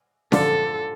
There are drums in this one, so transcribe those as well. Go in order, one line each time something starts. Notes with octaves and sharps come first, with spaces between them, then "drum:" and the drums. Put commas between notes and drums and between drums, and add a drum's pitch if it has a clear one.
D3 F3 D4 F4 A4, drum: snare C#4